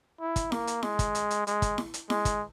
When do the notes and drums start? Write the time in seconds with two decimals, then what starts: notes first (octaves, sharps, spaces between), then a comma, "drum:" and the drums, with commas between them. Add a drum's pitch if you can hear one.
0.20 E4
0.36 drum: kick, hi-hat
0.52 A#3, drum: snare E4
0.67 drum: hi-hat
0.83 G#3, drum: snare E4
0.99 drum: kick, hi-hat
1.15 drum: hi-hat
1.31 drum: hi-hat
1.47 G#3, drum: hi-hat
1.62 drum: kick, hi-hat
1.78 drum: snare E4
1.94 drum: hi-hat
2.10 G#3, drum: snare E4
2.25 drum: kick, hi-hat